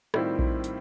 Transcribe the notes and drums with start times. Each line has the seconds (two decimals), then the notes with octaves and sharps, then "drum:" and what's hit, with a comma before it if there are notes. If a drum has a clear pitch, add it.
0.14 A2 D#3 G3 C4 E4 F4, drum: rim click
0.39 drum: kick A#1
0.64 drum: hi-hat